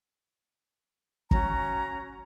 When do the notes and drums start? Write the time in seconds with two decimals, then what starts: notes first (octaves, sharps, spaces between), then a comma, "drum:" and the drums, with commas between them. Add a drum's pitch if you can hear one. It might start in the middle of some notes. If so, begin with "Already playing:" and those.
1.31 C#4 F#4 A#5, drum: kick